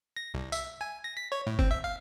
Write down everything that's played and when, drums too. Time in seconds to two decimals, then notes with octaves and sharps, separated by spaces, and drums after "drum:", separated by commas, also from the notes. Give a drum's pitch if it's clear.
0.16 A#6
0.34 C2
0.52 E5, drum: tambourine
0.81 G#5
1.04 A#6
1.17 B6
1.32 C#5
1.47 A2
1.59 C4, drum: kick F#1
1.71 E5
1.84 F5